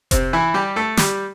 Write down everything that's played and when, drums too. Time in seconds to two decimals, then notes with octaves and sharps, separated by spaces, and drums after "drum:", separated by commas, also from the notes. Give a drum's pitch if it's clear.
0.11 C3 C4, drum: kick F1, hi-hat
0.33 E3 E4
0.54 G3 G4
0.76 A3 A4
0.97 G3 G4, drum: snare